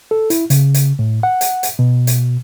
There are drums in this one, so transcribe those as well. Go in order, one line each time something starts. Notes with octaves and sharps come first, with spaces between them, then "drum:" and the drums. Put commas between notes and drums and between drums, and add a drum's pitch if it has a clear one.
A4
E4, drum: hi-hat
C#3, drum: hi-hat
drum: hi-hat
A2
F#5
drum: hi-hat
drum: hi-hat
B2
drum: hi-hat